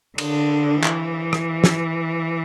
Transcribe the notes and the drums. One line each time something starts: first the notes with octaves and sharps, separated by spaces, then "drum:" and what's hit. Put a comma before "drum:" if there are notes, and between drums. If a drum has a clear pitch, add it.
D3, drum: cymbal
E3, drum: clap
drum: rim click
drum: snare